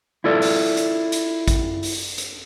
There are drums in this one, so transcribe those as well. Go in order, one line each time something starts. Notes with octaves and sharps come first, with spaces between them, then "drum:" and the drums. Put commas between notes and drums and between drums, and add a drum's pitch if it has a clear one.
E4 F4 A4 D5
drum: open hi-hat
drum: hi-hat
drum: hi-hat
drum: kick A1, hi-hat
drum: open hi-hat
drum: hi-hat